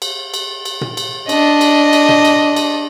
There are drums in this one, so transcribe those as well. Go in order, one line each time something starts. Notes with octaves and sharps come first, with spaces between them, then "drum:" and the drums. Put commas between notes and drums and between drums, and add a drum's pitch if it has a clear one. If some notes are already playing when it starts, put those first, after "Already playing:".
drum: cymbal
drum: cymbal
drum: cymbal
drum: tom A#2
drum: cymbal
D4 D#5, drum: cymbal
drum: cymbal
drum: cymbal
drum: tom A#2
drum: cymbal
drum: cymbal